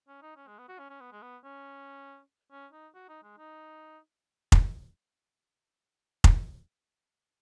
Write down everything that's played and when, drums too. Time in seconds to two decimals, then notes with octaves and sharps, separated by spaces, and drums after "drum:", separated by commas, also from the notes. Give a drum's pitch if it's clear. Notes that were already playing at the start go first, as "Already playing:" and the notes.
0.08 C#4
0.22 D#4
0.37 C#4
0.48 G#3
0.58 B3
0.69 F#4
0.79 C#4
0.90 C#4
1.01 B3
1.12 G#3
1.22 B3
1.44 C#4
2.52 C#4
2.73 D#4
2.95 F#4
3.09 D#4
3.23 G#3
3.38 D#4
4.52 drum: kick F1
6.24 drum: kick F1